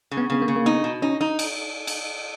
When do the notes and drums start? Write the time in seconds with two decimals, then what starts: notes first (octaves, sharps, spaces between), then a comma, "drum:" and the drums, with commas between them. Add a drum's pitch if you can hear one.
0.11 C#3
0.17 B3
0.30 C#3 B3
0.42 A#3
0.48 C#3
0.56 A#3
0.66 B3 D#4
0.84 B2
1.02 C#4 D#4
1.21 D#4
1.39 drum: cymbal
1.87 drum: cymbal